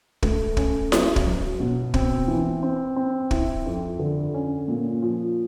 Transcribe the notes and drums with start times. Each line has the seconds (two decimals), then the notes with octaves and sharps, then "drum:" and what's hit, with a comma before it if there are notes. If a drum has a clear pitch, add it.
0.23 A3, drum: kick
0.57 C#4, drum: kick
0.92 F#3, drum: snare E4
1.16 drum: kick
1.26 F#3
1.60 B2
1.94 C4, drum: kick
2.28 E3
2.63 C4
2.96 C4
3.31 E4, drum: kick
3.66 F2
3.99 D3
4.34 C#4
4.68 A#2
5.02 F3